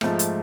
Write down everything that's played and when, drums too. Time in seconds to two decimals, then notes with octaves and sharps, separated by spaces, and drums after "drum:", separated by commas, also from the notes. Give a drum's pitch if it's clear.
0.01 G#2 F3 A3, drum: rim click
0.19 drum: hi-hat